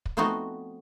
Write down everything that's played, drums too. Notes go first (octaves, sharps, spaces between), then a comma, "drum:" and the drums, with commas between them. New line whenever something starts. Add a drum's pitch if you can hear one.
drum: kick
F3 A3 B3 C4 D#4 F#4